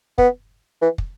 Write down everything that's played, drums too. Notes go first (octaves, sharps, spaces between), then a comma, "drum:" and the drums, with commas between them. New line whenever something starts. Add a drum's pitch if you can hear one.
B3, drum: kick
E3
drum: kick